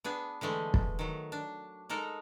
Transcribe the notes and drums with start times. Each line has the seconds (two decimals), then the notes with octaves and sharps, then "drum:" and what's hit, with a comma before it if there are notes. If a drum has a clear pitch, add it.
0.04 B3 D4 G#4
0.41 D3 E3 G#3 A3
0.74 drum: kick
0.99 D#3 F#3
1.32 D4
1.89 G#3 D#4 A4 A#4